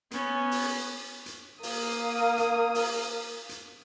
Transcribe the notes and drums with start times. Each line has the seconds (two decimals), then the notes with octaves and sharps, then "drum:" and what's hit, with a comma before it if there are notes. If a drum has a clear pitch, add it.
0.11 B3 C#4, drum: hi-hat
0.51 drum: open hi-hat
1.26 drum: hi-hat
1.63 A#3 D#6, drum: open hi-hat
2.38 drum: hi-hat
2.75 drum: open hi-hat
3.49 drum: hi-hat